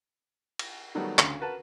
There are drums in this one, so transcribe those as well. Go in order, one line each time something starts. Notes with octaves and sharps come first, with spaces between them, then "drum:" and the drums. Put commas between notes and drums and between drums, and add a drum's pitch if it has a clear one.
drum: cymbal
D#3 F#3 G3 A3 B3
D2 C#3 C6, drum: clap
F#4 A#4 B4 A5